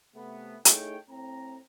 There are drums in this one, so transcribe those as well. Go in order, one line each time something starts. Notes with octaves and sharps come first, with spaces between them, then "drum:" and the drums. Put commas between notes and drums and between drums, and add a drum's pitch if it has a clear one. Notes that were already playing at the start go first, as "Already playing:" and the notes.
C3 A3 B3
A3 D#4 E4 G#4 C#5 G5, drum: hi-hat
A2 C4 A#5